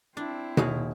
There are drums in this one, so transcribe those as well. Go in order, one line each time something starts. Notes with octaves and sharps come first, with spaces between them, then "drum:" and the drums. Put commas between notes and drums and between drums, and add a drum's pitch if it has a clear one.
C4 D4 E4
D#2 F#4 G#4 F5, drum: tom B2